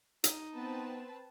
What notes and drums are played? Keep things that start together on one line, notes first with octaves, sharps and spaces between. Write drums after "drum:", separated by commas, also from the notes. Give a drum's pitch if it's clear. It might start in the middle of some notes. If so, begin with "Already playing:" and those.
D#4, drum: hi-hat
B3 C4 B4 A5